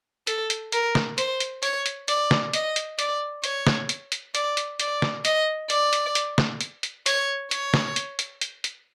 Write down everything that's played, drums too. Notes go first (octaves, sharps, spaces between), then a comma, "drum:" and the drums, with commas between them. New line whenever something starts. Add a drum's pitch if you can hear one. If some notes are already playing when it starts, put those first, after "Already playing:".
A4, drum: hi-hat
drum: hi-hat
A#4, drum: hi-hat
drum: snare
C5, drum: hi-hat
drum: hi-hat
C#5, drum: hi-hat
drum: hi-hat
D5, drum: hi-hat
drum: snare
D#5, drum: hi-hat
drum: hi-hat
D5, drum: hi-hat
C#5, drum: hi-hat
drum: snare
drum: hi-hat
drum: hi-hat
D5, drum: hi-hat
drum: hi-hat
D5, drum: hi-hat
drum: snare
D#5, drum: hi-hat
D5, drum: hi-hat
drum: hi-hat
drum: hi-hat
drum: snare
drum: hi-hat
drum: hi-hat
C#5, drum: hi-hat
C#5, drum: hi-hat
drum: snare
drum: hi-hat
drum: hi-hat
drum: hi-hat
drum: hi-hat